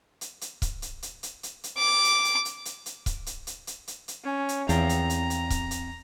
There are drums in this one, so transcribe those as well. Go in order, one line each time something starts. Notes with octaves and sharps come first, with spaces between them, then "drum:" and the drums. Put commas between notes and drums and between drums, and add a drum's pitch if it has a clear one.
drum: hi-hat
drum: hi-hat
drum: kick, hi-hat
drum: hi-hat
drum: hi-hat
drum: hi-hat
drum: hi-hat
drum: hi-hat
D6
drum: hi-hat
drum: hi-hat
drum: hi-hat
drum: hi-hat
drum: hi-hat
drum: kick, hi-hat
drum: hi-hat
drum: hi-hat
drum: hi-hat
drum: hi-hat
drum: hi-hat
C#4
drum: hi-hat
E2 C4 F5 G5 A#5, drum: hi-hat
drum: hi-hat
drum: hi-hat
drum: hi-hat
drum: kick, hi-hat
drum: hi-hat